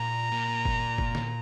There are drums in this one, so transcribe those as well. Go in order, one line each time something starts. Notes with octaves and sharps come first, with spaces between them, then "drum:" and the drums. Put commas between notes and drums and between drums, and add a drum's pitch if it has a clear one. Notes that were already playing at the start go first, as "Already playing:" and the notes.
Already playing: A#2 A#5
A#2
drum: kick
drum: kick
drum: snare